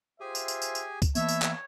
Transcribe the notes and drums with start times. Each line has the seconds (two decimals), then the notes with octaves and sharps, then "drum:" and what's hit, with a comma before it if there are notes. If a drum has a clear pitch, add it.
0.21 F4 G4 G#4 C5 E5 G#5
0.35 drum: tambourine
0.48 drum: tambourine
0.62 drum: tambourine
0.75 drum: tambourine
1.02 drum: kick C#2, tambourine
1.15 E3 A#3 B3 B4 C#5 D#5 E5 A5, drum: tambourine
1.29 drum: tambourine
1.42 drum: clap